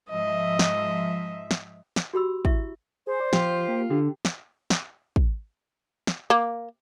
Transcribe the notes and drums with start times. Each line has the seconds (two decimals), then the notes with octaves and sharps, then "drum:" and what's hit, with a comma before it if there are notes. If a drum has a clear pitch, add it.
0.10 G#2 F3 D#5 E5
0.59 drum: snare
1.51 drum: snare
1.96 drum: snare
2.13 F#4 G4 B5 E6
2.45 E4 E5 C#6, drum: kick
3.07 G#4 C5
3.20 D5
3.33 F3 F4 G4, drum: snare
3.68 A#3
3.90 D3 G4
4.25 drum: snare
4.70 drum: snare
5.16 drum: kick
6.07 drum: snare
6.30 A#3